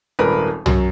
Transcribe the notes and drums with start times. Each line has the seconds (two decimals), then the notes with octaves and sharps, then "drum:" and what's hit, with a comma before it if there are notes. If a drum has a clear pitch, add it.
0.19 D#1 G#1 A#4 B4 B5
0.66 F#2 F#3, drum: tom